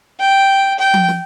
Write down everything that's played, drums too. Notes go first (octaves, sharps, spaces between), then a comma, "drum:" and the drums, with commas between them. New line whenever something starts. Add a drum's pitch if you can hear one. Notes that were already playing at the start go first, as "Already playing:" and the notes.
G5
G5
drum: tom F3
drum: snare